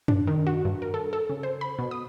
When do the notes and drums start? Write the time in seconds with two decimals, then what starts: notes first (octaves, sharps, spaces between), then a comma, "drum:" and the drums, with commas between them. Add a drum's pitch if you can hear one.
0.08 D4, drum: tom F#2
0.27 D#3
0.47 F#4
0.65 G2
0.82 A#4
0.94 A4
1.13 A4
1.30 C#3
1.43 C5
1.61 B5
1.79 B2
1.91 D#6